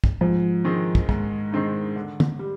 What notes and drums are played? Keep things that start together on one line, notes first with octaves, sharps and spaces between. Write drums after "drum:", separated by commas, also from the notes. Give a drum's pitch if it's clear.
drum: kick
G#2 F3
D#3 G#3 C4 D#4
drum: kick
G#2, drum: kick
D#3 G#3 C4 D#4
D3
drum: tom
G3